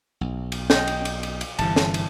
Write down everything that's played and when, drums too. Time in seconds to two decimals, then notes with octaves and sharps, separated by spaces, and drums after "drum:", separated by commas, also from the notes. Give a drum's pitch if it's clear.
0.21 B1
0.52 drum: cymbal
0.70 D#5 G5, drum: snare
0.87 drum: cymbal
1.05 drum: cymbal
1.23 drum: cymbal
1.41 drum: cymbal
1.59 G1 C3 E3 A5, drum: cymbal
1.76 drum: snare
1.94 drum: cymbal